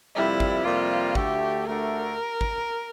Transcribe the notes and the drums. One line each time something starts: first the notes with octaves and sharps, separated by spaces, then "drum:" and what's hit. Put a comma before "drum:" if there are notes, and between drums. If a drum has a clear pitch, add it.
F2 C3 G3 A#3 E4
drum: kick G#1
F2 C3 G3 A#3 F4
D2 D3 A3 G4, drum: kick G#1
D2 D3 A3 A#4
drum: kick G#1